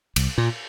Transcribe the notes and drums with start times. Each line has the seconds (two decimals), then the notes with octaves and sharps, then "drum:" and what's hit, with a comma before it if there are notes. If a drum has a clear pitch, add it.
0.16 C2, drum: cymbal
0.38 A#2